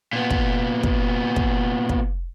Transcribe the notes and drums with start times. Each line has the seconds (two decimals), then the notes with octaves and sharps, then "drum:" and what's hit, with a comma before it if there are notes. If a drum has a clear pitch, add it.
0.13 A#2 B3
0.31 drum: kick
0.83 drum: kick
1.36 drum: kick
1.89 drum: kick